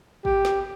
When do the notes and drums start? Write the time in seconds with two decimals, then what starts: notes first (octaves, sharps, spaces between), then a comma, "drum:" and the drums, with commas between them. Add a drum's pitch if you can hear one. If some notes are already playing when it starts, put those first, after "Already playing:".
0.25 G4, drum: kick
0.45 drum: snare